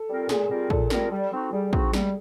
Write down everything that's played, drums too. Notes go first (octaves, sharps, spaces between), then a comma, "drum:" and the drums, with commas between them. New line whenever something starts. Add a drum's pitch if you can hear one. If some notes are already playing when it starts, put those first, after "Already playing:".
Already playing: A4
G3 C4 F4 A#4
A#2 G#4, drum: snare
G3 C4 F4 A#4
A#2 A4, drum: kick
G3 C4 F4 A#4, drum: snare
G3
C4 D#4 F#4
G3 G#4
C4 D#4 F#4, drum: kick
G3, drum: snare